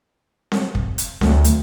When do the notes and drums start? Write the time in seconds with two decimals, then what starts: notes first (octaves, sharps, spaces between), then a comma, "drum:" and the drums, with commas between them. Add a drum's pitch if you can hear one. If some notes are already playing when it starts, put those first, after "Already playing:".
0.52 drum: snare C4
0.75 drum: kick
0.98 drum: hi-hat
1.21 D2, drum: snare C4
1.44 drum: hi-hat